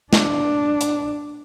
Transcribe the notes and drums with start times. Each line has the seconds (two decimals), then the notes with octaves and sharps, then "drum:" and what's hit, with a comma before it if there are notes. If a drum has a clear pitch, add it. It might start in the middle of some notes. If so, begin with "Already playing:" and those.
0.13 D4, drum: snare
0.81 drum: hi-hat